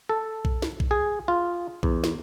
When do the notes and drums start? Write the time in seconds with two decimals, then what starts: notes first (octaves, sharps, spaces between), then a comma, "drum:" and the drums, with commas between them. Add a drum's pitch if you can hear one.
0.09 A4
0.45 drum: kick B1
0.62 drum: snare
0.80 drum: kick B1
0.91 G#4
1.28 F4
1.83 E2, drum: kick B1
2.04 drum: snare